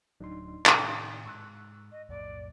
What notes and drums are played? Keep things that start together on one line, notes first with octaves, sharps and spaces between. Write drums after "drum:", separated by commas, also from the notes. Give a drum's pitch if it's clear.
D1 D2 F#3 D4 D#4 C6
A2 C3 D#3, drum: clap
G#2 C#6 E6 F#6
D#5
B1 F2 A2 D5